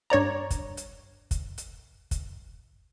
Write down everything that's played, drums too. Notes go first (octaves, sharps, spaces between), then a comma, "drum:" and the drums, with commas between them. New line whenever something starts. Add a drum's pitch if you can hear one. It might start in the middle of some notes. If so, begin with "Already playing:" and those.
G2 C#5 D5 A#5
drum: kick, hi-hat
drum: hi-hat
drum: kick, hi-hat
drum: hi-hat
drum: kick, hi-hat